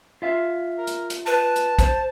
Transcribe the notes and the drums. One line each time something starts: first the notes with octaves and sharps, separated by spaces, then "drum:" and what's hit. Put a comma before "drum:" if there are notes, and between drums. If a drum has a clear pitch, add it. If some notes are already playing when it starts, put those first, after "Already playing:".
F4 E5 F5
A#4
drum: hi-hat
drum: hi-hat
B4 A5
drum: hi-hat
C5, drum: kick A#1, hi-hat